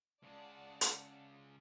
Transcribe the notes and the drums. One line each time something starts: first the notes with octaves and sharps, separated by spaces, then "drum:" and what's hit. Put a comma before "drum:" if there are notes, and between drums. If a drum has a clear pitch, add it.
C#3 G#3 D5 F#5 A5
drum: hi-hat